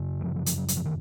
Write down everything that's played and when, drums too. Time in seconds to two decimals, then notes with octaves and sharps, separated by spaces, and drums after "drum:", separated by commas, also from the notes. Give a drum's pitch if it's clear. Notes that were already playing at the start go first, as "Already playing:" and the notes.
Already playing: F#2 C#3
0.21 D#3
0.24 F3
0.36 F3
0.46 F3, drum: hi-hat
0.58 F#3
0.68 F#3, drum: hi-hat
0.77 F3
0.85 D#3